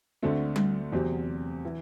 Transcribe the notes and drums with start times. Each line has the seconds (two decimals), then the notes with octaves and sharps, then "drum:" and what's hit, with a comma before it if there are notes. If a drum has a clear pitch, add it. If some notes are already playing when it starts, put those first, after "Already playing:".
0.22 D2 D3 A3 C4
0.56 drum: tom G3
0.92 E2 C3 F#3 C4 G4
1.65 E3